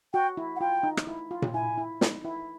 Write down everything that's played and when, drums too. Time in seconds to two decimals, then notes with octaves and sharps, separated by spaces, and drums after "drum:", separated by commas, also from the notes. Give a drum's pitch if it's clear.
0.13 F#4 G5
0.37 E4
0.56 F#5
0.60 F4 G5
0.83 D#4
0.97 drum: rim click
1.07 E4
1.31 F4
1.42 drum: tom A#2
1.54 E4 G#5
1.78 E4
2.01 D#4, drum: snare
2.25 E4